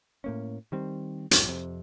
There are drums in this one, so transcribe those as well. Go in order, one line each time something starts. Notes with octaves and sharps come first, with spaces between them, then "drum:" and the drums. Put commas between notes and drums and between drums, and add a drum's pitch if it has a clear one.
A2 A#3 C#4
D#3 G3 C4
B1 G#2 F#3, drum: hi-hat
F2 C3